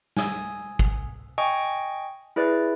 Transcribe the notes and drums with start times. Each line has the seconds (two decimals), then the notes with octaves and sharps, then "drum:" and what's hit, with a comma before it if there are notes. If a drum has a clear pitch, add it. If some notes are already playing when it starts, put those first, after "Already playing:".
0.17 G#5 D#6 E6, drum: snare
0.79 drum: kick
1.38 D#5 G5 G#5 C#6 D#6
2.36 E4 G#4 B4 D5